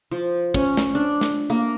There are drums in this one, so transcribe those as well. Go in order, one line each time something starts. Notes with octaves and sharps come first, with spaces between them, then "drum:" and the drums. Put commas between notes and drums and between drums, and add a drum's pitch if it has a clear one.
F3
C#4, drum: kick
drum: snare
D4
drum: snare
A#3